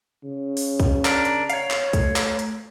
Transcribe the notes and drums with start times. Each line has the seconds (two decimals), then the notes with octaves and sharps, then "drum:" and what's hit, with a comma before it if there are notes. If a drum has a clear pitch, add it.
0.24 C#3
0.57 drum: open hi-hat
0.80 drum: kick, hi-hat
1.05 D4 A#4, drum: clap
1.25 drum: hi-hat
1.50 C#5 F5, drum: hi-hat
1.71 drum: clap
1.93 A3, drum: kick, hi-hat
2.16 drum: clap
2.39 drum: hi-hat